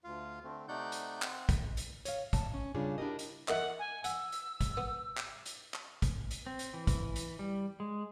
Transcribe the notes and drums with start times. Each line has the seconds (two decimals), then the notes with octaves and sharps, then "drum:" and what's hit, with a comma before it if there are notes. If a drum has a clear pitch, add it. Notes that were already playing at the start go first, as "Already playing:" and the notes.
0.04 D2 F4 F5
0.44 D3 A3 C4
0.68 C3 A3 D#4 D5 F#5 G6
0.92 drum: hi-hat
1.22 C4 F#5, drum: clap
1.49 drum: kick, hi-hat
1.77 drum: hi-hat
2.05 C#5 F5, drum: hi-hat
2.33 A5, drum: kick, hi-hat
2.54 C#4
2.75 C#3 G3 D4 F4 G#4 C#5
2.98 D4 E4 F#4 G4 A#4 D#5
3.19 drum: hi-hat
3.48 E4 A#4 D#5 F#5, drum: clap
3.79 G#5
4.04 F#5 E6, drum: hi-hat
4.32 drum: hi-hat
4.61 drum: kick, hi-hat
4.77 B3
5.17 drum: clap
5.46 drum: hi-hat
5.74 drum: clap
6.02 drum: kick, hi-hat
6.31 drum: hi-hat
6.47 C4
6.59 drum: hi-hat
6.74 E3
6.87 drum: kick, hi-hat
7.16 drum: hi-hat
7.39 G3
7.80 G#3